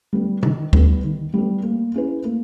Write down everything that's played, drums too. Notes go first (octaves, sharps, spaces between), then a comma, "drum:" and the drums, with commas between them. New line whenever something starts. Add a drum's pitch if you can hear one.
G3 B3
D#3, drum: tom C3
G3 B3, drum: kick
D#3
G3 B3
A#3
C#4 E4 G#4 B4
A#3